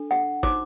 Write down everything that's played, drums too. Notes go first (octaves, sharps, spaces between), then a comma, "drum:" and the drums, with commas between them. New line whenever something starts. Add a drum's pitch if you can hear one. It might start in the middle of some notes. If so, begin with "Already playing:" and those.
Already playing: D4 A4
F#5
D#4 F#4 C5 D6, drum: kick